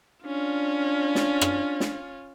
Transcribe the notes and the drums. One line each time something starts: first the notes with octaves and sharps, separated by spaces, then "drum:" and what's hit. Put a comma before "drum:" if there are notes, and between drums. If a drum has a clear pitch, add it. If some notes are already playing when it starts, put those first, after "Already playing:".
C#4 D4 F4
drum: snare
drum: rim click
drum: snare